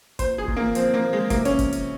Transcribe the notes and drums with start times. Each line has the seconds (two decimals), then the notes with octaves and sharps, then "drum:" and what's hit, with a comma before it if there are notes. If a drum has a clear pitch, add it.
0.19 A#2 C5, drum: kick, hi-hat
0.38 G#4
0.48 A#2, drum: kick
0.57 A#3
0.75 F3 C4, drum: hi-hat
0.94 A#3
1.03 F3
1.13 G#3
1.30 C3 A#3, drum: kick, hi-hat
1.45 C#4, drum: hi-hat
1.59 drum: kick, hi-hat
1.73 drum: hi-hat